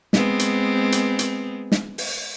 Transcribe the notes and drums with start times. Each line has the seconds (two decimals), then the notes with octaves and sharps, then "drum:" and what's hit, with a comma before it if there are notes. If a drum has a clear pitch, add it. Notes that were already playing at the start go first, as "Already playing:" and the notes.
0.13 G#3 B3 C4, drum: snare
0.39 drum: hi-hat
0.92 drum: hi-hat
1.19 drum: hi-hat
1.72 drum: snare
1.98 drum: open hi-hat